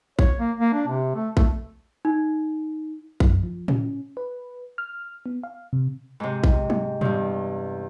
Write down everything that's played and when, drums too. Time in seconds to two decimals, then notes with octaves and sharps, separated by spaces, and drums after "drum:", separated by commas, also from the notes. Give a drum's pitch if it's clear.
0.19 C#5, drum: kick A#1
0.39 A#3
0.60 A#3
0.73 D4
0.87 C3
1.15 A3
1.37 A3, drum: kick A#1
2.05 D#4
3.20 F#2, drum: kick A#1
3.43 F3
3.68 C#4, drum: tom A2
4.17 B4
4.78 F6
5.26 B3
5.43 F5
5.73 C3
6.20 G#2 C3
6.44 drum: kick A#1
6.70 drum: tom F#3
7.01 E2 G2, drum: tom A2